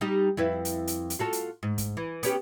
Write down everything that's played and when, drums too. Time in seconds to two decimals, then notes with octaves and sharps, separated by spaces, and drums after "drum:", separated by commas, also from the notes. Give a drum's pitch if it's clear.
0.01 G3 D#4 G4
0.37 F2 E4 B4
0.65 drum: hi-hat
0.87 drum: hi-hat
1.10 drum: hi-hat
1.19 F4 F#4 A4
1.33 drum: hi-hat
1.63 G#2
1.78 drum: kick, hi-hat
1.97 E3
2.23 B3 C#4 G4, drum: hi-hat